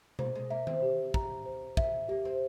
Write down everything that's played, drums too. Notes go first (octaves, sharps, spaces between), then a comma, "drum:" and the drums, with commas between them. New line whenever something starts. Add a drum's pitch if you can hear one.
A#3 C5, drum: tom B2
G#3
A#3 E5
C4, drum: tom D#3
G4
A#5, drum: kick
C5
E5, drum: kick
A#3 G4
C4